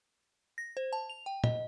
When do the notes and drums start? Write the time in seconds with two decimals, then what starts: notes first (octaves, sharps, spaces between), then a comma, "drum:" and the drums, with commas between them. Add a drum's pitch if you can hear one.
0.58 A#6
0.77 C5
0.93 A5
1.10 F7
1.26 G5
1.44 D#5, drum: tom